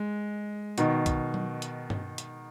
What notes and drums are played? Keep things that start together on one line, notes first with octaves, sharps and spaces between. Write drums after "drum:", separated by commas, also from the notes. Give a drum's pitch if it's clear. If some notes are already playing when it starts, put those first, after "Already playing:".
Already playing: G#3
B2 D#3, drum: hi-hat
drum: kick, hi-hat
drum: tom F#3
drum: hi-hat
drum: tom G2
drum: hi-hat